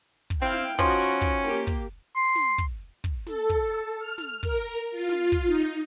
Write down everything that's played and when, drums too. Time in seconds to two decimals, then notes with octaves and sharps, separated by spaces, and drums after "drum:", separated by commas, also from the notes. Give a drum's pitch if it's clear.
0.30 drum: kick
0.42 C4 E4 F5 G5
0.53 drum: snare
0.79 F3 C#4 D#4 F#4 G5, drum: kick
1.21 drum: kick
1.44 A#3 G4, drum: snare
1.67 drum: kick
2.16 C6
2.35 drum: snare
2.58 drum: kick
3.04 drum: kick
3.27 A4, drum: snare
3.50 drum: kick
3.98 F6
4.18 drum: snare
4.43 A#4, drum: kick
4.91 F4
5.09 drum: snare
5.32 drum: kick
5.46 D#4